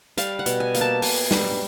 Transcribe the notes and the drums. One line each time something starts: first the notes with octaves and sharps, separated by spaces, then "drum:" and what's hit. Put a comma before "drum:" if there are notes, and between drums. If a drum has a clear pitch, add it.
G3 F5, drum: hi-hat
F#5
B2, drum: hi-hat
G#5
A#3, drum: hi-hat
A5
B2 G#5, drum: open hi-hat
G3, drum: snare